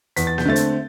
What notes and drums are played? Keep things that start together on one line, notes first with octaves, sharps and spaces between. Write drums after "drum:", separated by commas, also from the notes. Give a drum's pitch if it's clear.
E2 B6, drum: hi-hat
A6
G6, drum: snare A#3
D3 A3 C4 A6
drum: hi-hat